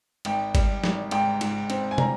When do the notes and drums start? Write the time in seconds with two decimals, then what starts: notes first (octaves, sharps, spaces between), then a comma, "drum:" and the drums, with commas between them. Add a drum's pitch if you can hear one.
0.25 G#1 G5, drum: cymbal
0.55 G3, drum: kick G#1, cymbal
0.84 G#1, drum: snare
1.11 G#2 G5, drum: cymbal
1.41 G#2, drum: cymbal
1.70 C4, drum: cymbal
1.91 G#5
1.98 G3 A#5, drum: tom